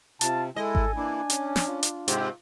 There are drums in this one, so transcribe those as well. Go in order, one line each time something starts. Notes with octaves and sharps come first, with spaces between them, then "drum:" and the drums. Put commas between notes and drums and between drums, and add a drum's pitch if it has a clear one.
C3 F4 A5, drum: hi-hat
G#3 E4 A4 D#5 G#5
drum: kick G#1
E3 A#3 D4 E4
C#4, drum: hi-hat
drum: snare
F4
drum: hi-hat
G#2 C3 G#3 C4 G4, drum: hi-hat